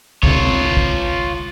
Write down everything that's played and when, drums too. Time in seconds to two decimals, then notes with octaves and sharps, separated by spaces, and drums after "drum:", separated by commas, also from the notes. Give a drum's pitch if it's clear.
0.23 D2 C3 F4 C#5, drum: kick
0.77 drum: kick